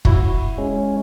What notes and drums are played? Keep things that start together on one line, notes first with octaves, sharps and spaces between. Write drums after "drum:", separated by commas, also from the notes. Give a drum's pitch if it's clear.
E4 F#4, drum: kick
G#3 C#4